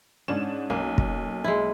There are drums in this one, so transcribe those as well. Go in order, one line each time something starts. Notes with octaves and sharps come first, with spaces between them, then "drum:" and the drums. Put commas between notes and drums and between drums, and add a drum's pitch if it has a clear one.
G#2 C#4 D4 E7
B1 A#3
drum: kick
G#3 E4